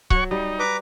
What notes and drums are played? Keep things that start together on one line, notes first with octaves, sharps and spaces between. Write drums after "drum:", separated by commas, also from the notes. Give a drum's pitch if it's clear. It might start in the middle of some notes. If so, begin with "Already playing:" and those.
F#3 C#5 F#5 C#6, drum: kick C#1
G3 D#4
B4 A#5 D6